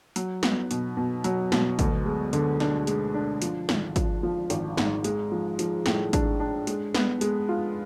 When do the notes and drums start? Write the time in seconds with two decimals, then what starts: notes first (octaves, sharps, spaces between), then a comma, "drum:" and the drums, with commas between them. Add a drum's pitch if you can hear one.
0.16 F#3, drum: hi-hat
0.43 B3, drum: snare
0.71 B2, drum: hi-hat
0.97 B2
1.24 F#3, drum: hi-hat
1.52 B2, drum: snare
1.79 D2, drum: kick, hi-hat
2.06 G#3
2.33 D3, drum: hi-hat
2.60 D4, drum: snare
2.87 G#3, drum: hi-hat
3.14 D4
3.42 F3, drum: hi-hat
3.69 G#1, drum: snare
3.96 F3, drum: kick, hi-hat
4.23 F3
4.50 G#1, drum: hi-hat
4.77 G#2, drum: snare
5.04 G#3, drum: hi-hat
5.32 F3
5.59 F3, drum: hi-hat
5.86 A2, drum: snare
6.13 D4, drum: kick, hi-hat
6.40 D4
6.67 G#3, drum: hi-hat
6.94 B3, drum: snare
7.21 G#3, drum: hi-hat
7.49 F4